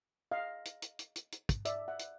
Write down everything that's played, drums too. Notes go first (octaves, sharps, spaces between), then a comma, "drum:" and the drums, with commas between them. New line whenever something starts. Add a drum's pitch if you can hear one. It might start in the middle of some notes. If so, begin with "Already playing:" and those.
D#5 F5
drum: hi-hat
drum: hi-hat
drum: hi-hat
drum: hi-hat
drum: hi-hat
drum: kick, hi-hat
D5 E5, drum: hi-hat
E5 F#5
drum: hi-hat